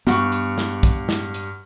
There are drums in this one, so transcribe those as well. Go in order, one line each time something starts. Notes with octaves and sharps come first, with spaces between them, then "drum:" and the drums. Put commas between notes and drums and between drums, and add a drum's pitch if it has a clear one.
G2 B3 F#5 C#6, drum: snare
drum: hi-hat
drum: snare
drum: kick, hi-hat
drum: snare
drum: hi-hat